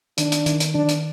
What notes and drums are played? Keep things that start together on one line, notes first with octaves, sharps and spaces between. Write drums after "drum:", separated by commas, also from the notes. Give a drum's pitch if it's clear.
D#3 D4, drum: hi-hat
drum: hi-hat
D#3, drum: hi-hat
drum: hi-hat
D#3 D4
drum: hi-hat